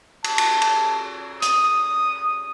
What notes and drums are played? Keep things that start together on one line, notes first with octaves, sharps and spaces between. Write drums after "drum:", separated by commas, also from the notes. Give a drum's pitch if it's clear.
A5, drum: cymbal
drum: cymbal
drum: cymbal
D#6, drum: hi-hat